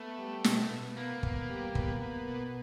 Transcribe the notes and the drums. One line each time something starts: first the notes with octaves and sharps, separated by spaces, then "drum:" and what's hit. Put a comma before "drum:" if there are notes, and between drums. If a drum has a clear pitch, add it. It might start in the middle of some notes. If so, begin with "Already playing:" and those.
Already playing: A3 B3
G3
B2, drum: snare
B2
A#3 B3
B3, drum: kick
G3
B3, drum: kick
B3
B2